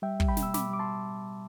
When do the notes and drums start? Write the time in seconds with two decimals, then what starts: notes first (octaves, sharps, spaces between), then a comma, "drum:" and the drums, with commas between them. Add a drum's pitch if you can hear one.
0.02 G3 E5 G5
0.20 G3, drum: kick
0.28 G5 B5
0.37 B2, drum: snare
0.43 E6
0.54 B2 B5 D6, drum: snare
0.71 G3 D6
0.79 A5 C6